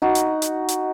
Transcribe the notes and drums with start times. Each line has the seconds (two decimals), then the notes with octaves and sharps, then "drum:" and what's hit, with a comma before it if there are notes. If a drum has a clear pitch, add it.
0.02 D#4 F#4
0.15 drum: hi-hat
0.42 drum: hi-hat
0.68 drum: hi-hat